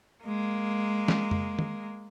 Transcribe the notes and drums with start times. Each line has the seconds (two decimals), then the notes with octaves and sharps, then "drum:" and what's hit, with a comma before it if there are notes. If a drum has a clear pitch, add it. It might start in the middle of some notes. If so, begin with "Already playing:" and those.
0.24 G#3 A#3
1.08 drum: snare
1.31 drum: tom F2
1.59 drum: tom D#3